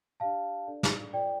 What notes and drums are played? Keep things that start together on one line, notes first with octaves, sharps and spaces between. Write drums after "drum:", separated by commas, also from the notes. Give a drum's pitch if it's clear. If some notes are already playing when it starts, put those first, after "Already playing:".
D4 G4 D5 F5 A5
D4 A4 D5
drum: snare
F4 A4 C5 D5 G5